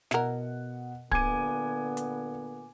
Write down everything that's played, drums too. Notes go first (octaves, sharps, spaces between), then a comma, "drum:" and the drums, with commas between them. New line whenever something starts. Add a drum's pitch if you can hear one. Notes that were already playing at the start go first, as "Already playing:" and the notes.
B2 E4 A#4 F#5, drum: snare
A#2 D3 B3 G#5 D6 G#6 D#7, drum: kick D1
drum: hi-hat